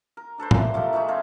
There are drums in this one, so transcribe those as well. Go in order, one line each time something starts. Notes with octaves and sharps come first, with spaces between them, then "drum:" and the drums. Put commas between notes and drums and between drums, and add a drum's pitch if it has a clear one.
A#4
D4 A4 B4 C5
A#2 E3, drum: tom A2
F3 A3 G4 A#4
E3 G#3 A3 E5
C4 F4 A#4 C#5